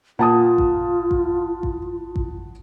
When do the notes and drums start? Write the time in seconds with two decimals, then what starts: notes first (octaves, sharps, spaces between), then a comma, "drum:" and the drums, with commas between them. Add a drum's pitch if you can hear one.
0.19 A#2 F4 F#5 A5 D#6
0.58 drum: kick A1
1.11 drum: kick A1
1.63 drum: kick A1
2.16 drum: kick A1